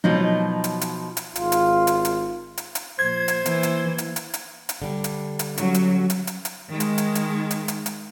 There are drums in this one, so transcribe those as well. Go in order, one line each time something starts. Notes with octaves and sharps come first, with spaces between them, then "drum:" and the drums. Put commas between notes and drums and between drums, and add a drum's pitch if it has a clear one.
B2 F3 F#3 D#4 D#5
drum: hi-hat
drum: hi-hat
drum: hi-hat
G#1 F4, drum: hi-hat
drum: hi-hat
drum: hi-hat
drum: hi-hat
drum: hi-hat
drum: hi-hat
A#2 F3 C5 G#6
drum: hi-hat
E3 A#3, drum: hi-hat
drum: hi-hat
drum: hi-hat
drum: hi-hat
drum: hi-hat
drum: hi-hat
D3 G3
drum: hi-hat
drum: hi-hat
F#3 C#4, drum: hi-hat
drum: hi-hat
drum: hi-hat
drum: hi-hat
drum: hi-hat
D#3 G#3
drum: hi-hat
drum: hi-hat
drum: hi-hat
drum: hi-hat
drum: hi-hat
drum: hi-hat